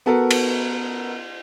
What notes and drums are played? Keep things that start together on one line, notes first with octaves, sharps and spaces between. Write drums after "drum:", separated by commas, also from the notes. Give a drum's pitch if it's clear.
B3 F#4 A4 A#4
drum: cymbal